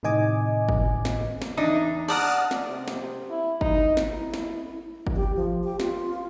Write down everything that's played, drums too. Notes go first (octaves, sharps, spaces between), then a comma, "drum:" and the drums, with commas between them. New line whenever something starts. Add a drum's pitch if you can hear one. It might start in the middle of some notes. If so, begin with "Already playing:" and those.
A2 C3 D#3 D#5 G#5 D6
drum: kick G1
drum: snare
drum: snare
E2 D4 D#4
D5 F#5 A5 A#5 D#6 F6
drum: snare
C3
drum: snare
E4
D#4, drum: kick G1
drum: snare
E4
drum: snare
drum: kick G1
G4
F3
G4
F4, drum: snare